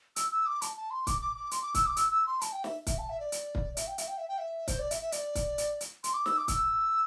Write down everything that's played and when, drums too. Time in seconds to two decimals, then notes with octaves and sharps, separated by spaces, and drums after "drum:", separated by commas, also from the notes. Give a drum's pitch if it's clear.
0.16 E6, drum: hi-hat
0.31 E6
0.46 D6
0.62 A5, drum: hi-hat
0.76 A5
0.91 C6
1.07 D6, drum: kick, hi-hat
1.21 D6
1.36 D6
1.51 C6, drum: hi-hat
1.62 D6
1.75 E6, drum: kick, hi-hat
1.86 D6
1.97 E6, drum: hi-hat
2.11 E6
2.26 C6
2.41 A5, drum: hi-hat
2.52 G5
2.64 E5, drum: snare
2.87 E5, drum: kick, hi-hat
2.98 A5
3.09 E5
3.20 D5
3.32 drum: hi-hat
3.55 drum: kick
3.77 E5, drum: hi-hat
3.87 G5
3.98 E5, drum: hi-hat
4.08 G5
4.18 E5
4.28 G5
4.38 E5
4.68 C5, drum: kick, hi-hat
4.79 D5
4.91 E5, drum: hi-hat
5.01 E5
5.12 D5, drum: hi-hat
5.35 drum: kick, hi-hat
5.58 drum: hi-hat
5.81 drum: hi-hat
6.04 C6, drum: hi-hat
6.14 D6
6.26 E6, drum: snare
6.37 D6
6.48 E6, drum: kick, hi-hat